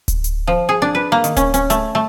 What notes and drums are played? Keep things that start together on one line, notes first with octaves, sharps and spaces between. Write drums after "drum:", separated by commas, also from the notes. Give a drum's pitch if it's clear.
drum: kick D1, hi-hat
drum: hi-hat
F3
G#4
D4
B4
A#3
D#3, drum: hi-hat
C#4, drum: kick D1, hi-hat
C#4, drum: hi-hat
A3, drum: hi-hat
A3